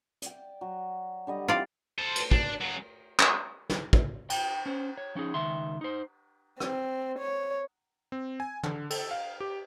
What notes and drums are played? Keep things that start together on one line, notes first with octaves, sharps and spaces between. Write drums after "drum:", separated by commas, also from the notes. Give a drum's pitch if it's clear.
D5 G5, drum: hi-hat
F#3
D3 G3 D#5
D#3 C4 E4 F4 D5
A4 C5
drum: cymbal
D4, drum: kick
C#3 F#3
drum: clap
drum: snare
drum: kick
G5, drum: cymbal
C#4 C5
C#5
F3 C#4 D#4 G#4
C#2 D#3 E5 C6
D#4 C5
C4, drum: rim click
C#5
C4
G#5
D3, drum: tom
A4, drum: cymbal
F5
G4